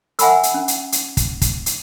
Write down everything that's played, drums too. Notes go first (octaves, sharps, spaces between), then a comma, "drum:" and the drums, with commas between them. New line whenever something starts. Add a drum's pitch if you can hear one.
E5 F#5 G#5 B5 C6 E6, drum: hi-hat
drum: hi-hat
C#4
drum: hi-hat
drum: hi-hat
drum: kick, hi-hat
drum: kick, hi-hat
drum: hi-hat